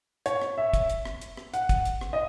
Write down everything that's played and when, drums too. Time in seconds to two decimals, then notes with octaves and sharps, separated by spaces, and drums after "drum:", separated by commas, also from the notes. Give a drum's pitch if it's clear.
0.26 C#5, drum: hi-hat
0.42 drum: rim click
0.58 E5
0.73 drum: kick, hi-hat
0.89 drum: hi-hat
1.05 drum: rim click
1.21 drum: hi-hat
1.37 drum: rim click
1.54 F#5, drum: hi-hat
1.69 drum: kick, hi-hat
1.85 drum: hi-hat
2.01 drum: rim click
2.13 D#5